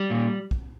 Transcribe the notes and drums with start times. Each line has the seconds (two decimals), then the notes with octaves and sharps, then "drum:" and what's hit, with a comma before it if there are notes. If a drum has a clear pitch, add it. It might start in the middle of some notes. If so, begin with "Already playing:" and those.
Already playing: G3
0.10 A#2
0.51 drum: kick